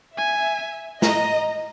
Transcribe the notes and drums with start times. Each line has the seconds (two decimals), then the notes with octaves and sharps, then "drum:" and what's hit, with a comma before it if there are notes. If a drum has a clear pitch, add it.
0.17 E5 G#5
1.02 D#5 A#5, drum: snare